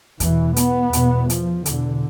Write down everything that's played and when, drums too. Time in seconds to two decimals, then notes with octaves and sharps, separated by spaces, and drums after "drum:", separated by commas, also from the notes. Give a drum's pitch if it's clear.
0.20 E2 B2 E3, drum: kick, hi-hat
0.56 B3, drum: hi-hat
0.93 E2 B2, drum: hi-hat
1.30 F3, drum: hi-hat
1.66 E2 B2 D3, drum: hi-hat